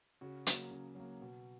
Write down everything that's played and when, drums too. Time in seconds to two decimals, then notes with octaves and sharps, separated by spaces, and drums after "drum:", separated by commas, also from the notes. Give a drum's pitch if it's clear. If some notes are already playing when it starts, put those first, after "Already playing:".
0.21 C#3 F#4
0.47 F#3 A#3, drum: hi-hat
0.71 C#3
0.95 F#3 A#3
1.21 B2